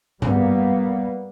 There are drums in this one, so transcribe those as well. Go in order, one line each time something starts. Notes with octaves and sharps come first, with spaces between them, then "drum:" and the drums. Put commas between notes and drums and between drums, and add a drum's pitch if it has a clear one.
G3 A#3 B3, drum: tom G2